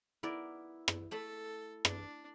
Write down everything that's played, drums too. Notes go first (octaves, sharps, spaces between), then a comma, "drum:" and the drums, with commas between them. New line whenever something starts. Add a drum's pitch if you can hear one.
B3 E4 A#4 D5
drum: rim click
A3 A4 B5
D4, drum: rim click